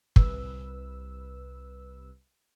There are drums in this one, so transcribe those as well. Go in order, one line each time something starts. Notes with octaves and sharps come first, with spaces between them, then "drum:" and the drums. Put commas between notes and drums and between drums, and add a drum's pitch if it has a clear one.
C2 B4 E6, drum: kick